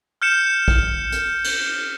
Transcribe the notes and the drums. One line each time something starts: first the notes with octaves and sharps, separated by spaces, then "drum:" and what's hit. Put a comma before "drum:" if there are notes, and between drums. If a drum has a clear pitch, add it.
F6 G6 C#7 E7
drum: kick A#1
drum: hi-hat
drum: cymbal